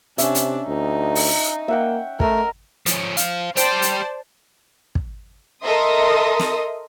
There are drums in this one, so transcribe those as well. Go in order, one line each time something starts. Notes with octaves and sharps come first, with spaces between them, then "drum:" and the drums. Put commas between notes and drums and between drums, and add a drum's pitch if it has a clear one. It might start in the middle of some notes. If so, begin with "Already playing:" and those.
C3 C#4 D4 E5, drum: hi-hat
drum: hi-hat
D2 D#4
drum: open hi-hat
A#3 E5 F#5 G5
A3 A#4 D#5 E6, drum: kick
F3 C#4, drum: hi-hat
C5 F5, drum: hi-hat
G3 C5 D5 G5 A5, drum: hi-hat
drum: hi-hat
drum: kick
A4 A#4 D#5 E5 C6 D#6
drum: snare